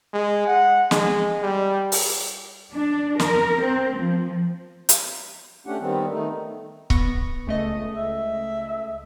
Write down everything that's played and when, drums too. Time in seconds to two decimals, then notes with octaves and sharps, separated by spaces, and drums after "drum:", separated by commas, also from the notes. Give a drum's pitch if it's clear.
0.13 G#3
0.47 F#5
0.91 G#3, drum: snare
1.42 G3
1.92 drum: open hi-hat
2.73 D4
3.20 A#4, drum: snare
3.61 C4
3.99 F3
4.89 drum: hi-hat
5.67 A3 C#4 D4 G4 F#5
5.80 D#3 G3 B3 C4
6.11 D#3 A3 D#4
6.90 B3 C#6 A#6, drum: kick C#1
7.47 C#2 A3 D#5
7.96 E5